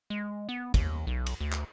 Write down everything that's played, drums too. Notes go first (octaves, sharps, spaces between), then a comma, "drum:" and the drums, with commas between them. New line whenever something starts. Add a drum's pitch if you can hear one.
G#3
B3
D#2, drum: kick, cymbal
B1
drum: cymbal
D2
drum: clap